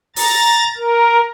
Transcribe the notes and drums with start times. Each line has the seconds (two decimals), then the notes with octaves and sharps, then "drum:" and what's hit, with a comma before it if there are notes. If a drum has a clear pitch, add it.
0.16 A#5 A6, drum: open hi-hat
0.77 A#4